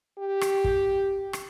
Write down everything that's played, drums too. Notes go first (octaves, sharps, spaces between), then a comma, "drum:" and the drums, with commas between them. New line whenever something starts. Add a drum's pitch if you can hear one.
G4
drum: rim click
drum: kick
drum: rim click